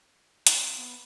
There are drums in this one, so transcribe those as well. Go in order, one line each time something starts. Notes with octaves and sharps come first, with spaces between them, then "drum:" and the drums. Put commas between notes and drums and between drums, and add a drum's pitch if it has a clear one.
F#3 C4 F4, drum: hi-hat
B3